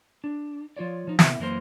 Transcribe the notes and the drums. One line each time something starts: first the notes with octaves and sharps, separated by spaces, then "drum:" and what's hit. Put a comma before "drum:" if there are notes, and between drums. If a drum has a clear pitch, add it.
D4
F3 F4 C#5 D5
F3 D#4
C3 B3 E4 E5, drum: snare
F#2 E3 A#3 C5